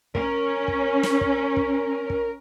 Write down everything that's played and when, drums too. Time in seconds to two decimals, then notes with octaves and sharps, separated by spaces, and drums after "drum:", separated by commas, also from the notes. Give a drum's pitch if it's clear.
0.15 C#4 A#4, drum: kick
0.68 drum: kick
1.03 drum: snare
1.21 drum: kick
1.57 drum: kick
2.10 drum: kick